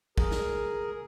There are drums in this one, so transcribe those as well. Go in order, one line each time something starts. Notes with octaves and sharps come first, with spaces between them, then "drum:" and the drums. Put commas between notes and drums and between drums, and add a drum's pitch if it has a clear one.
G#4 A#4, drum: kick
drum: snare